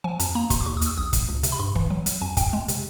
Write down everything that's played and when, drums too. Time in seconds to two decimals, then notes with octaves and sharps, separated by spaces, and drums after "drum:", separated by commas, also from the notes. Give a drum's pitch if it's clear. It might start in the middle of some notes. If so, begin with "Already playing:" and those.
0.04 F3 G#5
0.20 F2 A5, drum: hi-hat
0.35 A#3 A#5
0.50 B2 C6, drum: kick, hi-hat
0.61 D6
0.66 D#2 C#6
0.77 D#6
0.81 D#2 E6, drum: hi-hat
0.97 A#1 D#6
1.13 A#1, drum: kick, hi-hat
1.29 C#2
1.43 C3, drum: hi-hat
1.52 B5
1.59 G2 C6
1.75 E3, drum: kick
1.90 F#3
2.06 F#3, drum: hi-hat
2.22 F2 G#5
2.37 F2 G5, drum: kick, hi-hat
2.53 G#3
2.68 C3, drum: hi-hat